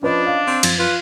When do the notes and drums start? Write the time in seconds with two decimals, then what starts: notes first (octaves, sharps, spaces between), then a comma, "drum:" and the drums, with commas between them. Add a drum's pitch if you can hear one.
0.03 F3 C#4 D4 B4 D#5 B5
0.26 F5
0.47 C4
0.63 F#2 F3 A6, drum: cymbal
0.79 F4 B4